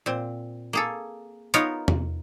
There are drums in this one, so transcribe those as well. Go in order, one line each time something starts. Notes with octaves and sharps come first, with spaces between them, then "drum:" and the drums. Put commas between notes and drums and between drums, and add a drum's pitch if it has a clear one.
A#2 C4
A#3 G#4 A4
B3 D#4 F4 A#4 C#5, drum: hi-hat
drum: tom E2